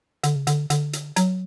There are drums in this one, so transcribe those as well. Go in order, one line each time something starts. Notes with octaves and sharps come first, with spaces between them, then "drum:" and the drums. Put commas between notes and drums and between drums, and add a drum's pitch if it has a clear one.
D3, drum: hi-hat
C#3
D3, drum: hi-hat
D3, drum: hi-hat
drum: hi-hat
F#3, drum: hi-hat